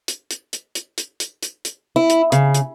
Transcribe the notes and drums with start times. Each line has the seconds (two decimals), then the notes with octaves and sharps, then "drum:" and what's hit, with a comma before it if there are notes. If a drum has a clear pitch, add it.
0.08 drum: hi-hat
0.31 drum: hi-hat
0.53 drum: hi-hat
0.75 drum: hi-hat
0.98 drum: hi-hat
1.20 drum: hi-hat
1.43 drum: hi-hat
1.65 drum: hi-hat
1.96 E4
2.10 drum: hi-hat
2.32 C#3, drum: hi-hat
2.54 drum: hi-hat